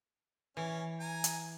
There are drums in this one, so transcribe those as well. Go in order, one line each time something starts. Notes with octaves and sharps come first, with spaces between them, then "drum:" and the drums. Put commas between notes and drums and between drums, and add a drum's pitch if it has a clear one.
E3 C#4
G#5 A#5
drum: hi-hat